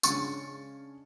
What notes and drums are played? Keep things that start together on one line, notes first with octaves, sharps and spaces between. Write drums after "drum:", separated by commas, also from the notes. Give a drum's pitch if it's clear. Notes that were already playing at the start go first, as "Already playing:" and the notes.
C#3 G#3 C#4 D4 C#6 A6, drum: tambourine